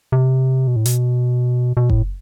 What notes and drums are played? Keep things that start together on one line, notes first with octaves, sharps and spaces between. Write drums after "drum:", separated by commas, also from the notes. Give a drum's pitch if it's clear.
C3
B2
A2
B2, drum: hi-hat
B2
A2, drum: kick F#1